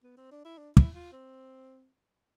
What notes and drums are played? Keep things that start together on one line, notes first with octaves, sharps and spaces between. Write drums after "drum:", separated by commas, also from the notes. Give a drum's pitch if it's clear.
B3
C4
D4
E4
D4
E4, drum: kick
F4
C4